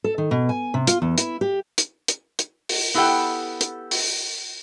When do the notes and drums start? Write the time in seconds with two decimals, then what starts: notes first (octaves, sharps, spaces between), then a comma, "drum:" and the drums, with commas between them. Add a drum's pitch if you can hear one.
0.04 A4
0.18 D#3
0.31 B2
0.49 G#5
0.74 C3
0.87 F4, drum: hi-hat
1.02 E2
1.18 E4, drum: hi-hat
1.41 G4
1.78 drum: hi-hat
2.08 drum: hi-hat
2.39 drum: hi-hat
2.69 drum: open hi-hat
2.94 B3 E4 G4 A4 F#5 G5
3.61 drum: hi-hat
3.91 drum: open hi-hat